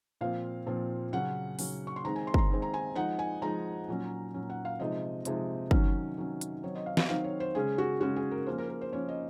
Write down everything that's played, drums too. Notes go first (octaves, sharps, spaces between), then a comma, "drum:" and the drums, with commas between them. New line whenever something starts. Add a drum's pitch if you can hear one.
A#2 F3 C4 F5
A#2 F3 C4
C#3 F#3 C#4 F#5
C#3 F#3 C#4, drum: open hi-hat
C#6
C6
D#3 G#3 C4 D#4 A#5
G#5
C6
A#5, drum: kick
C6
D#3 G#3 C4 D#4
A#5
G#5
F3 G#3 D#4 F#5
G#5
F3 G#3 D#4 A#5
A#2 F#3 C#4
A#2 F#3 C#4
F#5
F5
C3 F3 G#3 D#4 D#5
C3 F3 G#3 D#4, drum: hi-hat
D#3 F#3 C#4, drum: kick
D#3 F#3 C#4
drum: hi-hat
D#3 F#3 C4 D#4 C#5
D#5
F5
F5, drum: snare
D#3 F#3 C4 D#4 F5
C#5
C5
C#3 G#3 C#4 G#4
F#4
C#3 G#3 C#4 F#4
G#4
A#4
F3 A#3 C#4 C5
A#4
A#4
C5
F3 A#3 C#4 C#5
D#5